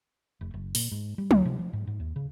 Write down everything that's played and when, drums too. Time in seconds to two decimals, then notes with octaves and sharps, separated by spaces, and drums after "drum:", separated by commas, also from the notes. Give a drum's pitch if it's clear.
0.41 F1
0.54 F#1
0.75 A#2, drum: open hi-hat
0.92 G#2
1.18 G3
1.31 D2, drum: tom
1.45 C3
1.59 F3
1.73 G#2
1.87 G#2
2.00 D#2
2.16 C#3